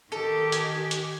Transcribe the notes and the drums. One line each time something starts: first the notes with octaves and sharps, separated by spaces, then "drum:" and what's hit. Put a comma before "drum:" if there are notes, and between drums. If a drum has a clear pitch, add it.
D#3 G4 A4
G#5, drum: hi-hat
drum: hi-hat